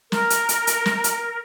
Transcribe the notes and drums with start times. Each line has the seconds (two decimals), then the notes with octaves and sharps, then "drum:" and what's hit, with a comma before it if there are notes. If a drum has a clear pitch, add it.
0.12 A#4, drum: snare
0.30 drum: hi-hat
0.49 drum: hi-hat
0.67 drum: hi-hat
0.86 drum: snare
1.04 drum: hi-hat